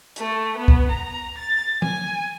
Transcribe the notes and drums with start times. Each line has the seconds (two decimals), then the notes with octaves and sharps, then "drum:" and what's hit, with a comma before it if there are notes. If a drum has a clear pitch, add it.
0.16 A3, drum: hi-hat
0.57 B3
0.68 drum: kick
0.90 A#5
1.37 A6
1.82 G#5, drum: tom E3